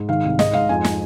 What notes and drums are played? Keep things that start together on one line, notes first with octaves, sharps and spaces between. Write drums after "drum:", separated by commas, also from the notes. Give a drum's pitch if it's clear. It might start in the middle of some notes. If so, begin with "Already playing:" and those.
Already playing: G#2
D#3 F5
C2
G#2 D#5, drum: snare
G#2 F5
F2 G#5
drum: snare